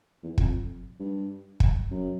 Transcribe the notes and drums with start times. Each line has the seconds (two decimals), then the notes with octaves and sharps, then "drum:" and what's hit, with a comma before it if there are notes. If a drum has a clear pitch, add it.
0.23 E2
0.38 F2, drum: kick
1.00 G2
1.60 drum: kick
1.91 F#2